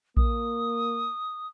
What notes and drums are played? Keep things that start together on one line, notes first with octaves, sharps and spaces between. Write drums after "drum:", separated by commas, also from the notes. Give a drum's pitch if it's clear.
A#3 D#6, drum: kick A#1